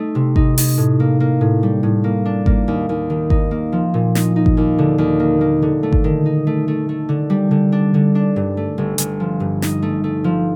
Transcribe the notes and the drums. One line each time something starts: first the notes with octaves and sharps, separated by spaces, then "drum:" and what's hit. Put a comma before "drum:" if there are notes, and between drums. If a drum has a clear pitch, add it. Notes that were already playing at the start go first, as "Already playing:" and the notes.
Already playing: A3 D#4
C3
D#4, drum: kick G#1
D#4, drum: open hi-hat
A2
A#3
A#3
A2
G3
A2
A#3
D4
A#3, drum: kick G#1
D#2
D#2
D#3
D#4, drum: kick G#1
A#3
F3
A#2
D#4, drum: snare
D#4
drum: kick G#1
D#2
D3
D#2
A#3
A#3
D3
A3
drum: kick G#1
D#3
D#4
A3
A3
A3
D3
G3
D3
D4
D3
D4
G2
A3
G1
G1, drum: hi-hat
F3
G2
D#4, drum: snare
A3
A3
F3